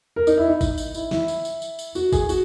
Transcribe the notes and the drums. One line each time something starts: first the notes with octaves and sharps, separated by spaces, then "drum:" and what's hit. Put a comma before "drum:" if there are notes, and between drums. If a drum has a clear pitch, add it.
A#4
D#4, drum: tambourine
E4
D#4
drum: kick, tambourine
drum: tambourine
E4, drum: tambourine
E4, drum: snare
drum: tambourine
drum: tambourine
drum: tambourine
drum: tambourine
F#4, drum: tambourine
G#4, drum: kick, tambourine
F#4, drum: tambourine